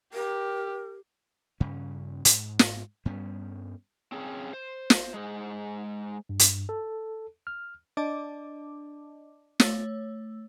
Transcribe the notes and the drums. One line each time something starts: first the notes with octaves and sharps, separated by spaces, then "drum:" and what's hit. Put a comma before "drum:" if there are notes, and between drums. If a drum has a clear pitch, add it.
G4 A#4
G2 C#3 C#4
G#2, drum: hi-hat
drum: snare
G2 G3 B3 C#4
C4 C#4 G#4
C5
drum: snare
G#3 G#4 C5
G2
drum: hi-hat
A4
F6
D4 D5 D#5 A5 D6
A3 C#5 E6, drum: snare